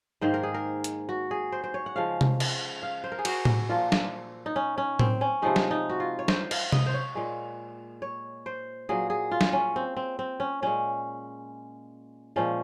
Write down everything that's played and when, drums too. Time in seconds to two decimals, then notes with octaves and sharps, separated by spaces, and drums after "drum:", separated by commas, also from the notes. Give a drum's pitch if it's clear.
0.21 G#2 D#3 A#3 C5
0.34 A#4
0.43 G#4
0.54 A#4
0.84 drum: hi-hat
1.09 F#4
1.31 G#4
1.52 C5
1.64 C5
1.74 C#5
1.86 F#5
1.96 C#3 F3 G#3 F5
2.21 drum: tom C3
2.40 drum: cymbal
2.83 F5
3.04 C5
3.12 A#4
3.19 G#4
3.25 F#4, drum: cymbal
3.45 drum: tom A2
3.69 A#2 F3 A#3 F4
3.92 drum: snare
4.46 D#4
4.56 C#4
4.78 C#4
4.99 C4, drum: tom A2
5.21 C#4
5.42 C3 F3 G#3 D#4
5.56 drum: snare
5.71 D#4
5.90 F#4
6.00 F4
6.19 C#5
6.28 C5, drum: snare
6.51 F5, drum: cymbal
6.72 D#5, drum: tom C3
6.86 C5
6.94 C#5
7.15 A#2 G#3
8.02 C#5
8.46 C5
8.89 A#2 F#3 A#3 G#4
9.10 G#4
9.31 F4
9.41 drum: snare
9.53 C#4
9.76 C4
9.97 C4
10.19 C4
10.40 C#4
10.62 A#2 G#3 C#4
12.36 A#2 F3 G#3 C#4